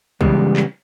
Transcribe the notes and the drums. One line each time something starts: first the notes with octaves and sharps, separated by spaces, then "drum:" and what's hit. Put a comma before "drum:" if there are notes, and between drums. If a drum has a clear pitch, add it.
C#3 E3 G3 G#3 B3, drum: kick B1
drum: clap